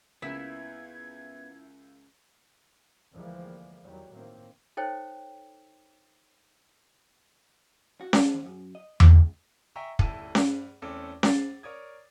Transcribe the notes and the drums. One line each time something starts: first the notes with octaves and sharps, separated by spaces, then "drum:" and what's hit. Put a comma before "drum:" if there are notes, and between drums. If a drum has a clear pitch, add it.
C#2 A#3 B3 E4 F#5 G#6
D2 E3 F3 G3 G#3 A#3
E2 D#3 F#3 G3
A2 D#3 A#3 C4
D#4 A4 C5 C#5 G5
F#4
D4, drum: snare C#4
D#2
F#2
D#5
A#3, drum: tom E2
C#2
D#5 E5 G5 G#5 A#5 C#6
D#1 D2 E4 A5 D#7, drum: kick
G2, drum: snare C#4
E2 A3 C4 C#4 A4 D6
A6 C7, drum: snare C#4
A#4 C#5 D5 D#6 G#6